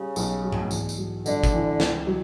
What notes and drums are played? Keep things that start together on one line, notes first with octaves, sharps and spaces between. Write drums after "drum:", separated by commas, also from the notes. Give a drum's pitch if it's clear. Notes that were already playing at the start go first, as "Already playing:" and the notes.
Already playing: C#3 G3
B1, drum: tambourine
F#3
drum: tom G#2
E2, drum: tambourine
drum: tambourine
F#3
G1 D3, drum: tambourine
drum: kick, tambourine
E3
C#2, drum: snare
F#3